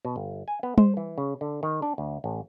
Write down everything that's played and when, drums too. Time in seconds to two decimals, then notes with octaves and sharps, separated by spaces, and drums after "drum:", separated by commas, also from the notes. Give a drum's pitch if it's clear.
0.05 B2
0.16 G1
0.48 G#5
0.63 B3
0.78 C5, drum: tom G3
0.97 E3
1.18 C#3
1.41 D3
1.63 D#3
1.82 D4
1.98 D2
2.24 A1